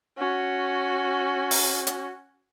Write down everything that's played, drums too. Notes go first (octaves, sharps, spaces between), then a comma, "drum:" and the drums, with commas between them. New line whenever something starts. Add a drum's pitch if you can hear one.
C#4 F#4
drum: open hi-hat
drum: hi-hat